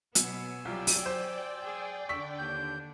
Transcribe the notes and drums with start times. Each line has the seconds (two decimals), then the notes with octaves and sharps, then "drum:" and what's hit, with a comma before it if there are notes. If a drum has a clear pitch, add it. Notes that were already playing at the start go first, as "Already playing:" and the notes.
0.15 B2 F#3 B3 G#5 E6, drum: hi-hat
0.65 C2 F#3 F4 G4 D5 G5
0.87 drum: open hi-hat
1.06 C5
1.64 G#4
2.09 D3 D4 C#6 E6 B6
2.38 D#2 G6